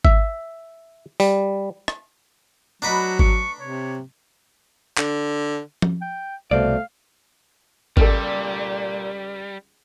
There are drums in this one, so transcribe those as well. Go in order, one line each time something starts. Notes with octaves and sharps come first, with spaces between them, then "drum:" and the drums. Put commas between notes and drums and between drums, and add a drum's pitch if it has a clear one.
E5, drum: kick G#1
G3, drum: open hi-hat
drum: rim click
F#3 A3 D4 F#4 B4 D#5 A#5 B5
C#6, drum: kick G#1
C3 C#5
D3, drum: clap
drum: tom F3
G5
C2 B2 A3 C5 D5 F5
C#2 G3 G4 A4 A#4 D5, drum: kick G#1